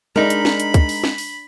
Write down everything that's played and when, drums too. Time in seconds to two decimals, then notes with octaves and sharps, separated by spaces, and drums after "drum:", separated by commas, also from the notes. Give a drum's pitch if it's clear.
0.16 G#3 D4 D#4 A#4 B5
0.30 drum: hi-hat
0.45 drum: snare
0.60 drum: hi-hat
0.74 drum: kick, hi-hat
0.89 drum: open hi-hat
1.04 drum: snare
1.18 drum: open hi-hat